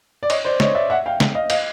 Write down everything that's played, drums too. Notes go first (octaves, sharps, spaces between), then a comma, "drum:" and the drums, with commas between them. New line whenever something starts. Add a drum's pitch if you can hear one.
D5
C#5 D#5, drum: cymbal
C5 D5
C#5 D#5, drum: snare
D5 E5
E5 F#5
F5 G5
drum: snare
D#5 F5
D#5 F5, drum: cymbal